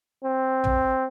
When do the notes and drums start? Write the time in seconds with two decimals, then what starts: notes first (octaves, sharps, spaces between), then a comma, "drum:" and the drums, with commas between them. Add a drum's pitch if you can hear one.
0.24 C4
0.64 drum: tom